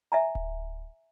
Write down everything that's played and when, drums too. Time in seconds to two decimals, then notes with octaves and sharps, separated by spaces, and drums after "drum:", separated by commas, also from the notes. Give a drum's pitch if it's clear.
0.12 E5 G#5 A#5
0.35 drum: kick D1